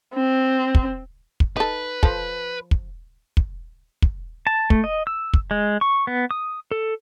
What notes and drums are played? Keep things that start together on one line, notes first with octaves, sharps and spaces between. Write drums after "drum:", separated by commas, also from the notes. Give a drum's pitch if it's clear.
C4
drum: kick
drum: kick
D#4 A4 B4
F3 A4, drum: kick
drum: kick
drum: kick
drum: kick
A5
A3, drum: kick
D#5
E6
drum: kick
G#3
C#6
B3
D#6
A4